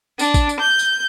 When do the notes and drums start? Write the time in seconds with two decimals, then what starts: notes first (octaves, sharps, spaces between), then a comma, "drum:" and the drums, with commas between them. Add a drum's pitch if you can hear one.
0.19 D4, drum: tambourine
0.34 drum: kick A1, tambourine
0.49 drum: tambourine
0.59 G6
0.79 drum: tambourine